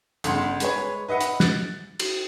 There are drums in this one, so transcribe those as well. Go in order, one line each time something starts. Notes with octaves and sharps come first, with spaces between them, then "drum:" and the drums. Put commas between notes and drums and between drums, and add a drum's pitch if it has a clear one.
G1 C#3 F#5 C6, drum: hi-hat
G#3 B4 C#5, drum: hi-hat
B4 D#5 E5 F#5
drum: hi-hat
F#6 A6, drum: snare
drum: cymbal